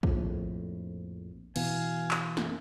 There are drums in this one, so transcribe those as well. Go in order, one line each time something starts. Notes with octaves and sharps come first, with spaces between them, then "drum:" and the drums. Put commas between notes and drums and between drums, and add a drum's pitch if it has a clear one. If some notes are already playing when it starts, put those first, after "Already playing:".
A#1 F2 A2, drum: kick
B2 E3 B3 F5 G#5, drum: cymbal
drum: clap
F#2, drum: snare